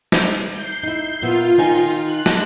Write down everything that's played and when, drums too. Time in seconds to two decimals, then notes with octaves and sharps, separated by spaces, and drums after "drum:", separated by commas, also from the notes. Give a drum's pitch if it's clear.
0.12 drum: snare
0.51 G6 C7, drum: tambourine
0.83 D#4 E4
1.22 A#2 B3 F4 E5
1.58 D#3 D#4 G#5
1.90 drum: tambourine
2.05 F#6
2.26 drum: snare